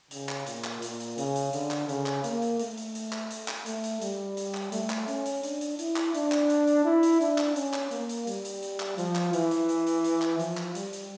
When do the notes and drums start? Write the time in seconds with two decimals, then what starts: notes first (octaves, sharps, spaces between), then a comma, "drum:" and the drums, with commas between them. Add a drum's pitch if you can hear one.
0.11 C#3, drum: hi-hat
0.29 drum: clap
0.46 A#2, drum: hi-hat
0.64 drum: clap
0.82 A#2, drum: hi-hat
1.00 drum: hi-hat
1.18 C#3, drum: hi-hat
1.35 drum: hi-hat
1.53 D3, drum: hi-hat
1.71 drum: clap
1.89 C#3, drum: hi-hat
2.06 drum: clap
2.24 A#3, drum: hi-hat
2.42 drum: hi-hat
2.59 A3, drum: hi-hat
2.77 drum: hi-hat
2.95 drum: hi-hat
3.13 drum: clap
3.30 drum: hi-hat
3.48 drum: clap
3.66 A3, drum: hi-hat
3.84 drum: hi-hat
4.01 G3, drum: hi-hat
4.37 drum: hi-hat
4.54 drum: clap
4.72 A3, drum: hi-hat
4.90 drum: clap
5.08 C#4, drum: hi-hat
5.25 drum: hi-hat
5.43 D4, drum: hi-hat
5.61 drum: hi-hat
5.79 E4, drum: hi-hat
5.96 drum: clap
6.14 D4, drum: hi-hat
6.32 drum: clap
6.50 drum: hi-hat
6.67 drum: hi-hat
6.85 E4
7.03 drum: hi-hat
7.21 D4, drum: hi-hat
7.38 drum: clap
7.56 C#4, drum: hi-hat
7.74 drum: clap
7.91 A#3, drum: hi-hat
8.09 drum: hi-hat
8.27 G3, drum: hi-hat
8.45 drum: hi-hat
8.62 drum: hi-hat
8.80 drum: clap
8.98 F3, drum: hi-hat
9.15 drum: clap
9.33 E3, drum: hi-hat
9.51 drum: hi-hat
9.69 drum: hi-hat
9.86 drum: hi-hat
10.04 drum: hi-hat
10.22 drum: clap
10.39 F3, drum: hi-hat
10.57 drum: clap
10.75 G3, drum: hi-hat
10.93 drum: hi-hat